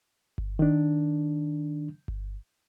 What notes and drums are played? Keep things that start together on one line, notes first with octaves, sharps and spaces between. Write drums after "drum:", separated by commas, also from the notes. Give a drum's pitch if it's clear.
drum: kick G1
D#3 D4
drum: kick G1